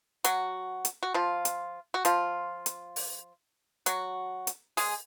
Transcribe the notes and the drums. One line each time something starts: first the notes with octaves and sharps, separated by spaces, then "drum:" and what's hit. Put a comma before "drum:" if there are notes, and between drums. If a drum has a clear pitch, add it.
F#3 F#4, drum: hi-hat
drum: hi-hat
F#4
F3 F4
drum: hi-hat
F#4
F3 F4, drum: hi-hat
drum: hi-hat
drum: open hi-hat
F#3 F#4, drum: hi-hat
drum: hi-hat
G#3 G#4, drum: open hi-hat